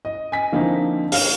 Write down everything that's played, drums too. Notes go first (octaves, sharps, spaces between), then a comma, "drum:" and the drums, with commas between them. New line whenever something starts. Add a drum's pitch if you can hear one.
D#5
G#5 B6
D3 F3 A#3 C4 D#4 E4
F5 F6 E7, drum: open hi-hat